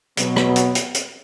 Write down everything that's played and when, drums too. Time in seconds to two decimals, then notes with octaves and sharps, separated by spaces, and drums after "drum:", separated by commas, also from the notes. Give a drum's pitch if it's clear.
0.17 B2 F#3 B3, drum: hi-hat
0.36 drum: rim click
0.56 drum: hi-hat
0.75 drum: hi-hat
0.94 drum: hi-hat